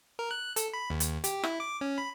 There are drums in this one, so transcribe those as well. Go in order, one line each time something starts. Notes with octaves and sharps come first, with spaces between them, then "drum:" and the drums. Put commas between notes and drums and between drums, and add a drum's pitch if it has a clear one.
A#4
F#6
A4, drum: hi-hat
B5
D#2
drum: hi-hat
G4, drum: hi-hat
E4, drum: rim click
D6
C#4
B5